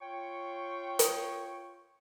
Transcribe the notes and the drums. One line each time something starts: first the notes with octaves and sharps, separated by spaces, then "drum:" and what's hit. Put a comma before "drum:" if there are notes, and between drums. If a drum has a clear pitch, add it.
F4 C#5 G5 C#6
drum: hi-hat